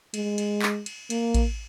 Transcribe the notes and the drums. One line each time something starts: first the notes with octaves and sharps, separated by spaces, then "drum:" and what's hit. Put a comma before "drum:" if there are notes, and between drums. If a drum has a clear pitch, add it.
G#3, drum: cymbal
drum: cymbal
drum: clap
drum: cymbal
A#3, drum: cymbal
drum: kick A1, cymbal